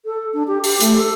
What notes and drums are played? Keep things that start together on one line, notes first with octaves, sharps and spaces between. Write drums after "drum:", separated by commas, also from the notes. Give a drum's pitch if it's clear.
A4
D4
G4
G4, drum: open hi-hat
A3, drum: hi-hat
A4